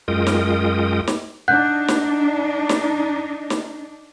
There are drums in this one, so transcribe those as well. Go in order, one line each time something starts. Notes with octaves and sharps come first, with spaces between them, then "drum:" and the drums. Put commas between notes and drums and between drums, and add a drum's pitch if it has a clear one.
F#2 G#3 F4 A#4 G5 D#6
drum: snare
drum: snare
D4 D#4 F#5 F#6 G6
drum: snare
drum: snare
drum: snare